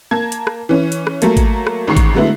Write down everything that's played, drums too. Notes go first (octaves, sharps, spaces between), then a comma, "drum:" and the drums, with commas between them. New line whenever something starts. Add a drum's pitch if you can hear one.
A#3 A5 G#6
drum: hi-hat
drum: rim click
E3 C#4
drum: hi-hat
drum: rim click
F#3 A3 A#3 A4, drum: hi-hat
drum: kick G#1, hi-hat
drum: rim click
A1 G#2 D#3 C#6 C7
drum: kick G#1, hi-hat
D3 F#3 G#3 A3 B3 E4